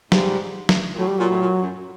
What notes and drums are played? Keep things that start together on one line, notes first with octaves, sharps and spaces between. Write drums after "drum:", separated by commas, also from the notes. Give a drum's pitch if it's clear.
G#2 G3, drum: snare
drum: snare
A#2
A2 F#3
G3
A#2 F#3
A2
A#2
F#2